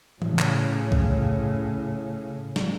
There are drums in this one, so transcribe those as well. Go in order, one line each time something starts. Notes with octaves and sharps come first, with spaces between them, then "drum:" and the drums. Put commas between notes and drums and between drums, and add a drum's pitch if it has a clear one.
A2 C#3, drum: tom E3
drum: clap
drum: kick B1
drum: snare